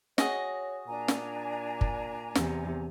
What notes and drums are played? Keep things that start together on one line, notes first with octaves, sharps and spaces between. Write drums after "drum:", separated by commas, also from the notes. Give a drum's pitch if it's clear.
F#4 G#4 C#5 D#5, drum: snare
A#2 D4 G#5 A#5
drum: snare
drum: kick
E2 C3, drum: snare